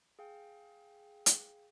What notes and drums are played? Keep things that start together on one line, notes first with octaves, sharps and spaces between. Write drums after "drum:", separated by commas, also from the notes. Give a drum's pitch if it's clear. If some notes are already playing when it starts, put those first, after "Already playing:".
G#4 F5 G5
drum: hi-hat